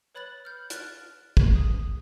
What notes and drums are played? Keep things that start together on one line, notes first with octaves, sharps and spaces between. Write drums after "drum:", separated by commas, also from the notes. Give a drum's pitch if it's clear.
B4 C#5 B5 F#6 A6 F#7
F6 G6
F6 F#6 A6, drum: hi-hat
drum: kick
D#6